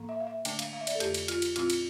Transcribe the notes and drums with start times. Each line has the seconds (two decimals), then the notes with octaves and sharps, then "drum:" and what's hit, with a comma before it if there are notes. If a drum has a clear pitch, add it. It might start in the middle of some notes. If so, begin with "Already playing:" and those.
Already playing: A2 F3 A#3
0.09 E5
0.20 F5
0.27 E5
0.45 D3 A3 D4 G5, drum: cymbal
0.59 F5, drum: cymbal
0.73 F5
0.81 E5
0.87 D5, drum: cymbal
0.95 A4
1.00 F2 D3 A3 E4 G4, drum: cymbal
1.14 drum: cymbal
1.28 F4, drum: cymbal
1.42 drum: cymbal
1.56 A#2 F3 C4 E4 F4, drum: cymbal
1.70 drum: cymbal